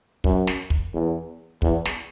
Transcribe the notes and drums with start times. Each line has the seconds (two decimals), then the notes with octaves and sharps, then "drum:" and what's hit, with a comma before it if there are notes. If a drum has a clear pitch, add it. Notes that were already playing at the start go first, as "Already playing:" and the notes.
0.24 F#2, drum: kick
0.47 drum: snare
0.70 drum: kick
0.93 E2
1.62 E2, drum: kick
1.85 drum: snare